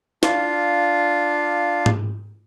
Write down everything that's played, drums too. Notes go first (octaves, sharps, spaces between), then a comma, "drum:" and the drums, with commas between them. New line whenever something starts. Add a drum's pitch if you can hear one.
D4 F4 F5, drum: snare
drum: tom G#2